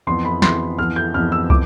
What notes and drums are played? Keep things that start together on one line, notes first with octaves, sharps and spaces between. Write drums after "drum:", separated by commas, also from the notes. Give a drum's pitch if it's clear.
F2 E3 B3 C6
B5
F2 E3 B3 C6, drum: snare
F2 E3 B3 F6
G6
F2 E3 B3 F6
E6
D6, drum: kick